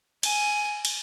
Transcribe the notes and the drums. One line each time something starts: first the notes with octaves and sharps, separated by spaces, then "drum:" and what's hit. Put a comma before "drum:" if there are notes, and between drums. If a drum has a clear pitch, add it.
G#5, drum: cymbal
drum: cymbal